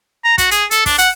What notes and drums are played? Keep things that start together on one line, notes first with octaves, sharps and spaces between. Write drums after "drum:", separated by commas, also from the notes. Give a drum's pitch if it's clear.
A#5
F#4, drum: kick, hi-hat
G#4, drum: hi-hat
A4, drum: hi-hat
D4, drum: kick, open hi-hat
F#5, drum: hi-hat